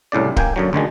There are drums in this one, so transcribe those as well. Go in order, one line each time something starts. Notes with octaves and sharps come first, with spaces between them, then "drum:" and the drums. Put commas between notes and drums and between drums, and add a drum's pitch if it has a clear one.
C2 A2 C#3 D5
A#3 G5 G#5, drum: kick D1
F#2 D3 F#3
D2 D3 D#3 G#3